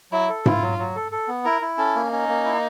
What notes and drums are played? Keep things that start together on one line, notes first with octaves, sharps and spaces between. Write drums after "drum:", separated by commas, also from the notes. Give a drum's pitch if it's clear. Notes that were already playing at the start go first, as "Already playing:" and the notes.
F#3 E4
A4
E4 F4, drum: tom G#2
F#3
F#3
A4
A4
B3
E4 A#4
E4
C#4 A4
A#3
C#4 D#4
A#3
E4